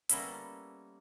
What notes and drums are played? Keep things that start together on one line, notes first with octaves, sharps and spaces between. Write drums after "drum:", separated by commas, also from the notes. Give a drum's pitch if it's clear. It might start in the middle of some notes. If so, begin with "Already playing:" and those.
G3 A#3 B3 C#4 E4 A4, drum: hi-hat